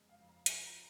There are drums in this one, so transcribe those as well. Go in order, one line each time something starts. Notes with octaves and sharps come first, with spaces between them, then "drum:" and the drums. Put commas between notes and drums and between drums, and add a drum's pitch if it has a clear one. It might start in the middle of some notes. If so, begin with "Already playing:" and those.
Already playing: F2 C#3 G#3 D#5
F5
F2
A#5
F3 G#5, drum: hi-hat
A#5